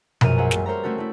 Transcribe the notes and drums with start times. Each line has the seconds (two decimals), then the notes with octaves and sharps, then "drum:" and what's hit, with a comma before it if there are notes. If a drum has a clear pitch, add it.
0.21 A#1 F#2 A#4 D#7, drum: tom B2
0.38 G#4 C5 E5 F#5 G#5 A#5
0.51 G3 A3, drum: snare
0.66 A#4 C5 C#5 E5 A#5
0.83 A3 C4 C#4 F#4 A4
0.98 A3 E4